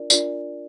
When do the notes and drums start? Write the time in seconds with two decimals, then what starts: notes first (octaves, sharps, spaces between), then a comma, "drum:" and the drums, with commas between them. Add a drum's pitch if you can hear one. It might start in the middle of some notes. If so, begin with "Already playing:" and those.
Already playing: D4 F4 A#4 D5
0.10 D4 F4 A#4 D5, drum: tambourine